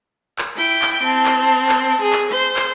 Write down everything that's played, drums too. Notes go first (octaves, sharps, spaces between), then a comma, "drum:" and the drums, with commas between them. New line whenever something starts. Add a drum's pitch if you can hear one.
drum: clap
E4 G5
drum: clap
C4 A5
drum: clap
drum: clap
G#4
drum: clap
C5
drum: clap